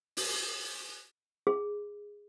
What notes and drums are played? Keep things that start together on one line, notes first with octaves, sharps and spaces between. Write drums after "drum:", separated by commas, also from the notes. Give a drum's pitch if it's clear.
drum: open hi-hat
G#4